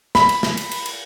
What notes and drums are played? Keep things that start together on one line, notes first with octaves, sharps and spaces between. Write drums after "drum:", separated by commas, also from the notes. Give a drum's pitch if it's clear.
B5, drum: snare
drum: cymbal
drum: snare
drum: cymbal
drum: cymbal
drum: cymbal